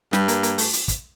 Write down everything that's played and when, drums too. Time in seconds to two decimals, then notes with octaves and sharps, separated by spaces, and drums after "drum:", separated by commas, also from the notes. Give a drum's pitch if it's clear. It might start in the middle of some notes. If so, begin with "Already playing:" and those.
0.13 G2 G3, drum: snare
0.28 A#3, drum: hi-hat
0.43 A#3, drum: hi-hat
0.58 A3, drum: open hi-hat
0.73 drum: hi-hat
0.88 drum: kick, hi-hat